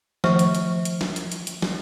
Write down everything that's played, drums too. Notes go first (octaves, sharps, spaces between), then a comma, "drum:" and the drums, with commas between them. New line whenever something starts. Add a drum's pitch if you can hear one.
D#3 F3 A3 C5 C#6, drum: snare
drum: hi-hat
drum: hi-hat
drum: hi-hat
drum: snare
drum: hi-hat
drum: hi-hat
drum: hi-hat
drum: snare